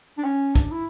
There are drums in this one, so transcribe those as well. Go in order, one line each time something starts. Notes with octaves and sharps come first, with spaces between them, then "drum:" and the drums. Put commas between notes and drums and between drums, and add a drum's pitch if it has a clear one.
D4
C#4
D4, drum: kick, hi-hat
E4